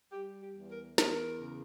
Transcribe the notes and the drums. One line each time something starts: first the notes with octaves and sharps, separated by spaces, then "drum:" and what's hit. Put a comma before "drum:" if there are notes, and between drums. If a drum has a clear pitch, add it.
G3 G4
G4
E2
A#4
E2 A#4, drum: snare
C#3